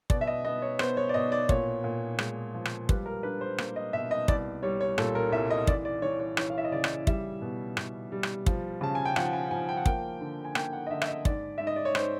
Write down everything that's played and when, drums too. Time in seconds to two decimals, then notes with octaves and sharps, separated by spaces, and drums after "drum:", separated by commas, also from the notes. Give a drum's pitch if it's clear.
0.10 B2 D5, drum: kick
0.21 E5
0.27 D#5
0.45 B3 D#5
0.62 C#5
0.79 B3 C5, drum: rim click
0.97 C#5
1.09 D5
1.14 B2 D#5
1.32 D5
1.49 A#2 C#5, drum: kick
1.84 A#2
2.19 G#3, drum: rim click
2.54 F3
2.65 drum: rim click
2.89 G3 B4, drum: kick
3.06 A#4
3.23 D4 B4
3.41 C5
3.58 A#3, drum: rim click
3.76 D#5
3.93 B2 E5
4.11 D#5
4.28 C2 D5, drum: kick
4.63 G3 C#5
4.81 C#5
4.98 A#2 A4, drum: rim click
5.15 A#4
5.32 C2 E5
5.50 D#5
5.67 E3 D5, drum: kick
5.85 D5
6.02 E3 C#5
6.20 C#5
6.37 E3 C#5, drum: rim click
6.50 F5
6.58 E5
6.65 D#5
6.72 C#3 D5
6.84 drum: rim click
7.07 G3 E5, drum: kick
7.42 B2
7.77 B2, drum: rim click
8.12 G3
8.23 drum: rim click
8.46 F3, drum: kick
8.81 C#3 A5
8.95 G#5
9.05 G5
9.16 F3 F#5, drum: rim click
9.33 G#5
9.51 F3 G#5
9.69 G5
9.77 F#5
9.86 A#3 G5, drum: kick
10.21 D3
10.45 G#5
10.55 A#3 G5, drum: rim click
10.73 F#5
10.87 D#5
10.90 D3 E5
11.02 E5, drum: rim click
11.08 D#5
11.25 G#2 D5, drum: kick
11.58 G#2 E5
11.67 D#5
11.76 D5
11.85 C#5
11.95 G#2 C5, drum: rim click